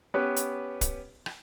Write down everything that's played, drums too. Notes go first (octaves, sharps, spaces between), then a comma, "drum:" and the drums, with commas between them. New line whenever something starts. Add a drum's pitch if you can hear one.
B3 C#4 G4 B4
drum: hi-hat
drum: kick, hi-hat
drum: rim click